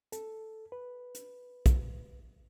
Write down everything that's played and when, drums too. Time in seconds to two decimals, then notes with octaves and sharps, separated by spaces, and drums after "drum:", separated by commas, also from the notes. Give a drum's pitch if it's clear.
0.12 A4, drum: hi-hat
0.72 B4
1.15 drum: hi-hat
1.66 drum: kick, hi-hat